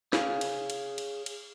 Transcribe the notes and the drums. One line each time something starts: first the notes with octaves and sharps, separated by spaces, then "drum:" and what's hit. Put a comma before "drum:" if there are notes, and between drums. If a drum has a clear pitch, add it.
G#4 C#5 F5, drum: snare
drum: cymbal
drum: cymbal
drum: cymbal
drum: cymbal